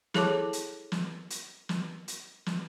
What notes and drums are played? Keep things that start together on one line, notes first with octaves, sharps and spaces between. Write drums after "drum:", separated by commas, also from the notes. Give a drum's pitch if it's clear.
E4 G#4 A4 C#5 A5 D6, drum: snare
drum: hi-hat
drum: snare
drum: hi-hat
drum: snare
drum: hi-hat
drum: snare